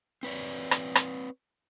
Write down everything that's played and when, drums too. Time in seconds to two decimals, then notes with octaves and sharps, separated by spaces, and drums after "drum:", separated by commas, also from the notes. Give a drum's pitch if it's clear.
0.23 C4 B4 C#5 D5
0.71 drum: rim click
0.95 drum: rim click